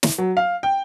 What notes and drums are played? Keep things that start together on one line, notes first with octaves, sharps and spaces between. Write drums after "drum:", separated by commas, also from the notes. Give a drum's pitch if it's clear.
drum: snare
F#3
F5
G5